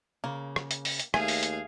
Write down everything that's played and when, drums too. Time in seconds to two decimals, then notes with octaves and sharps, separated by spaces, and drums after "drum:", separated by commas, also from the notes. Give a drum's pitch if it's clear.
0.24 C#3 A#3
0.56 drum: rim click
0.71 drum: hi-hat
0.85 drum: open hi-hat
0.99 drum: hi-hat
1.14 D#2 A3 G#4 F5 G#5, drum: rim click
1.28 drum: open hi-hat
1.43 drum: hi-hat